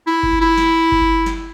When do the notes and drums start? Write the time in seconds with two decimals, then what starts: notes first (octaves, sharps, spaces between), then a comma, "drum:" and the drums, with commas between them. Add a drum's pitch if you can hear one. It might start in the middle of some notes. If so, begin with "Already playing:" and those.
0.07 E4
0.23 drum: kick G1
0.41 E4
0.58 drum: snare
0.92 drum: kick G1
1.26 drum: snare